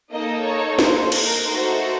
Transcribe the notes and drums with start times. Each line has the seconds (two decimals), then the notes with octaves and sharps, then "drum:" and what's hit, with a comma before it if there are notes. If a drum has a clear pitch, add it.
0.11 A#3 D#4 A4 D#5
0.45 C#5
0.79 C5, drum: snare
1.12 A#4, drum: cymbal
1.46 A3 D#4 F#4 A4 C5